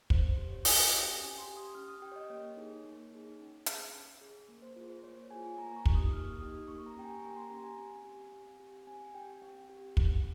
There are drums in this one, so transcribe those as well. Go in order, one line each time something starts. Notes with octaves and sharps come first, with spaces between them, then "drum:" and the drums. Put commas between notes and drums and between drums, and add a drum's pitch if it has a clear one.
C4 C5, drum: kick
C5
G4 C5
C#5
C4 D#5, drum: open hi-hat
F5
G4
G5
C#4 G#5
C6
G4
D#6
C#4 F6
D#6
G4 G5
C#5
D#5
A#3 C#5
D#4 G#4
A#3
D#4 G#4
C#4
G#4, drum: hi-hat
C#4
G#4
A#3
C5
F4 G#4 C5
C5
A#3 C#5
C#5
F4 G#4 G#5
G#5
A#3 A#5
C#6
D#4 G4, drum: kick
D#6
A#3 F6
D#4 G4 D#6
A#3 C#6
A#5
C#4 G4 G5
G#5
A#3 A#5
C6
C#4 G4 A#5
G#5
C4
G4
C4
G4
C4 G#5
G4 G5
C4
G4
C4, drum: kick